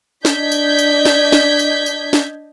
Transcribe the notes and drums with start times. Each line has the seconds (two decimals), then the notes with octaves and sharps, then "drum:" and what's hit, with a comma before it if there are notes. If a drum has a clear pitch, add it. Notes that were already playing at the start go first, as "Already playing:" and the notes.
0.25 D4 D#5 G6 G#6 B6, drum: snare
0.52 drum: tambourine
0.79 drum: tambourine
1.05 drum: snare
1.32 drum: snare
1.59 drum: tambourine
1.86 drum: tambourine
2.13 drum: snare